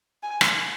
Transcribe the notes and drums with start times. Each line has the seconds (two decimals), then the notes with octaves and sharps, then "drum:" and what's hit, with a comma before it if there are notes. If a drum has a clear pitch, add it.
0.23 G#5
0.41 drum: rim click